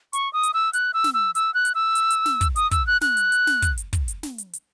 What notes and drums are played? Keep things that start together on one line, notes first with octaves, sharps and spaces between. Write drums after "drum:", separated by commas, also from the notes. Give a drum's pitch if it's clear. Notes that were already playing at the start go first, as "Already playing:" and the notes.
C#6, drum: hi-hat
D#6
drum: hi-hat
E6
F#6, drum: hi-hat
E6
drum: snare
E6
E6, drum: hi-hat
F#6
drum: hi-hat
E6
drum: hi-hat
drum: hi-hat
drum: snare
drum: kick, hi-hat
D#6, drum: hi-hat
E6, drum: kick, hi-hat
F#6
F#6, drum: snare
drum: hi-hat
drum: hi-hat
drum: snare
drum: kick, hi-hat
drum: hi-hat
drum: kick, hi-hat
drum: hi-hat
drum: snare
drum: hi-hat
drum: hi-hat